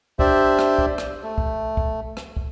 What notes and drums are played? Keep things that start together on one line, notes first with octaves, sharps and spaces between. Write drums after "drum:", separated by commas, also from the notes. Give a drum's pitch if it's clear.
D4 G4 C5 D5 E5, drum: kick
drum: rim click
drum: kick
drum: rim click
A3
drum: kick
drum: kick
drum: rim click
drum: kick